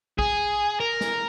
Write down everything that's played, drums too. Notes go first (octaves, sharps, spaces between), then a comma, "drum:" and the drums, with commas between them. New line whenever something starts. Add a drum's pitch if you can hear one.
G#4, drum: kick
A#4
drum: snare